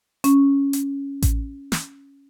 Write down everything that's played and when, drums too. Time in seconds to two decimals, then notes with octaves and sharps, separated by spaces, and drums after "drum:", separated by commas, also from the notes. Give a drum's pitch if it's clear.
0.24 C#4, drum: hi-hat
0.73 drum: hi-hat
1.22 drum: kick A1, hi-hat
1.72 drum: snare